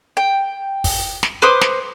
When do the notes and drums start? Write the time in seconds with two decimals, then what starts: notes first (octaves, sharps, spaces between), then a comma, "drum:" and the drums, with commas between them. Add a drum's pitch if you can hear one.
0.17 G5
0.84 drum: kick, open hi-hat
1.23 drum: snare
1.42 B4 C5 D6 D#6
1.61 drum: snare